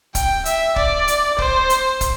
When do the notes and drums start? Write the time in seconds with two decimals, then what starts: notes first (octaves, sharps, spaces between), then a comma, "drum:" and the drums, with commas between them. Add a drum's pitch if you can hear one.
0.15 G5, drum: kick, hi-hat
0.45 E5, drum: hi-hat
0.76 D5, drum: kick
1.08 drum: hi-hat
1.38 C5, drum: kick
1.70 drum: hi-hat
2.01 drum: kick, hi-hat